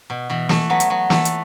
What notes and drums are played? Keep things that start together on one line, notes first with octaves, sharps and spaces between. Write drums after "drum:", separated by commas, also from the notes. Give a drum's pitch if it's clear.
B2
B2 E3
E3 A3, drum: snare
F#3 B3
drum: hi-hat
F#3 B3
E3 A3, drum: snare
drum: hi-hat